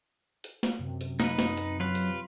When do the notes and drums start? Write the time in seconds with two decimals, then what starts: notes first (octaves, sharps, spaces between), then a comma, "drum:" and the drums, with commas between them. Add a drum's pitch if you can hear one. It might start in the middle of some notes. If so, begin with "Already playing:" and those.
0.44 drum: hi-hat
0.63 drum: snare
0.79 F#2 C3
1.01 drum: hi-hat
1.20 D#4 B4, drum: snare
1.38 drum: snare
1.57 drum: hi-hat
1.80 F#3 F4 B4
1.95 drum: hi-hat